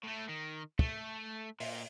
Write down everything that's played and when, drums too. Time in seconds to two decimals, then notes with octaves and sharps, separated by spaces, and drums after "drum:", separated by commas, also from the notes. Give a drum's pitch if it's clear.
0.04 A2 A3
0.29 D#3
0.79 A3, drum: kick
1.60 A#2, drum: open hi-hat